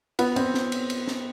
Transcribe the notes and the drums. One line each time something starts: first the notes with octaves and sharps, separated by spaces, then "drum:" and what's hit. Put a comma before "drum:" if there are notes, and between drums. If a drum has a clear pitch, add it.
B3, drum: cymbal
C4, drum: cymbal
drum: snare
drum: cymbal
drum: cymbal
drum: snare